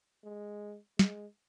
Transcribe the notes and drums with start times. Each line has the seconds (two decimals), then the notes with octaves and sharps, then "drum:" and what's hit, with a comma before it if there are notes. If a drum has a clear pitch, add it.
0.24 G#3
0.99 G#3, drum: snare